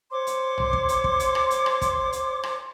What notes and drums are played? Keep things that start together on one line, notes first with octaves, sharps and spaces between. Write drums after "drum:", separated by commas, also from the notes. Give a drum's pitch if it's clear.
C5 C#5 C6 D6
drum: hi-hat
drum: tom
drum: kick
drum: hi-hat
drum: kick
drum: hi-hat
drum: rim click
drum: hi-hat
drum: rim click
drum: kick, hi-hat
drum: hi-hat
drum: rim click